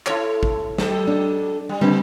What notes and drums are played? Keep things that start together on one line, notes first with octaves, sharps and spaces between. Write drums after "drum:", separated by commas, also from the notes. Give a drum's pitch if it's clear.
E4 A4 C#5, drum: clap
drum: kick A1
F#3 G4 A4, drum: snare
D4
G3
C#3 G3 C4 B4